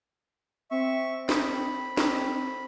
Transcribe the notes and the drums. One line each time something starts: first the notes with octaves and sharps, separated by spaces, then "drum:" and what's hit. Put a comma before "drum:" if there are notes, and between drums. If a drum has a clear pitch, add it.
C4 E5 C#6
B5, drum: snare
C4, drum: snare